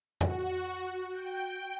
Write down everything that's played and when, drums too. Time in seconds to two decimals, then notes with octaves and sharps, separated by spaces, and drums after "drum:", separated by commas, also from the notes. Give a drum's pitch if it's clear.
0.21 F#4, drum: tom F2
1.12 G5